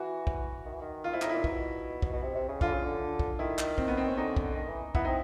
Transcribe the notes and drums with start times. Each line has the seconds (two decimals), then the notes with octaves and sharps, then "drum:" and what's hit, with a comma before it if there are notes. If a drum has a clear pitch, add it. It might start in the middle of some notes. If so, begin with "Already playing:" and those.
Already playing: E3 F#4
0.27 drum: kick
0.66 D#3
0.73 E3
0.81 D#3
1.04 F4
1.13 G#2 E4
1.22 A2 D#4, drum: clap
1.29 A#2 E4
1.44 B2, drum: kick
2.02 drum: kick
2.13 B2
2.22 C3
2.35 C3
2.48 C#3
2.61 D3 F4, drum: kick
2.73 C#3
2.85 D3
3.19 drum: kick
3.39 D#3 E4
3.58 drum: clap
3.78 C4, drum: kick
3.88 B3
3.97 C4
4.07 C#4
4.17 D3 D#4
4.37 drum: kick
4.56 D#3
4.69 E3
4.95 B3 E4, drum: kick
5.05 C4 D#4